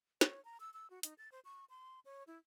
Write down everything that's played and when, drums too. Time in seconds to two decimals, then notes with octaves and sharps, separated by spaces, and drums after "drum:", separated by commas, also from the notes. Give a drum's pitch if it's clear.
0.21 C#5, drum: snare
0.45 A#5
0.60 E6
0.74 E6
0.90 F#4
1.03 D#4, drum: hi-hat
1.18 A6
1.32 C5
1.45 C#6
1.70 C6
2.05 C#5
2.27 E4